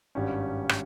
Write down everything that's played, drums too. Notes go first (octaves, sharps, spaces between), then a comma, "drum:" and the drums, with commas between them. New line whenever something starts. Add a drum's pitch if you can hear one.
G#1 G2 G3 C#4
drum: rim click